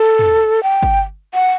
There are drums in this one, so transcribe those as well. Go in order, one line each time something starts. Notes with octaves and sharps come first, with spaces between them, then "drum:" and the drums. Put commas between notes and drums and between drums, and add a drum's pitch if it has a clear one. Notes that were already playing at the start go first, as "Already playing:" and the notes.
Already playing: A4
drum: tom
G5
drum: kick
F#5